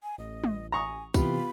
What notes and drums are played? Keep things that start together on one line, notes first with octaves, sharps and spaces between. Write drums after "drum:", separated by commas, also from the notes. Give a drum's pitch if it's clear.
G#5
A1 D#5
drum: tom G3
G#5 A#5 C#6 D#6
C3 E3 B3 F4 G4 B5, drum: kick, tambourine